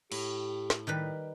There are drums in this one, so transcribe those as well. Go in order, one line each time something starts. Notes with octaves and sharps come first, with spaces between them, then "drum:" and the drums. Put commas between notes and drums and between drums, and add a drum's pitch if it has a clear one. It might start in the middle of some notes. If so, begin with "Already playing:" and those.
A2 G4, drum: cymbal
drum: snare
D#3 G3 B4